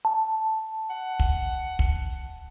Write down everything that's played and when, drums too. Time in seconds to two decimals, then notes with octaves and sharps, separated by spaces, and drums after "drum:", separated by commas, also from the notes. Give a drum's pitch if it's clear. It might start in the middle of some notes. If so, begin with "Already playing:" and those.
0.05 A5
0.90 F#5
1.20 drum: kick
1.79 drum: kick